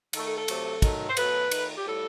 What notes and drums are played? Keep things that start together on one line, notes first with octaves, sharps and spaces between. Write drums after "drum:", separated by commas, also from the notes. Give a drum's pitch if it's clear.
D#3 A3 A4, drum: cymbal
A4
A4
C3 F#3 A3, drum: cymbal
D#3 F#3 A3, drum: kick, cymbal
C5
B2 F#3 A3 B4, drum: cymbal
D#3 A3, drum: cymbal
G4
A2 G3 A4